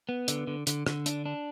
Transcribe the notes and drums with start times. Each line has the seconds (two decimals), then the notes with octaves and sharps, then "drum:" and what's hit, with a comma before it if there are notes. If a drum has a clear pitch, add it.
0.09 B3
0.28 D3, drum: hi-hat
0.47 D3
0.67 D3, drum: hi-hat
0.87 D3, drum: rim click
1.06 D4, drum: hi-hat
1.25 D4